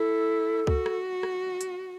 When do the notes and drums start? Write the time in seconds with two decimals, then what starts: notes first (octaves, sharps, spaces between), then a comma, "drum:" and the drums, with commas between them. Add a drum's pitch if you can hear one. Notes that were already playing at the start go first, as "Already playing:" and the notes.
Already playing: E4 A4
0.67 F#4, drum: kick C#2
0.86 drum: rim click
1.23 drum: rim click
1.61 drum: hi-hat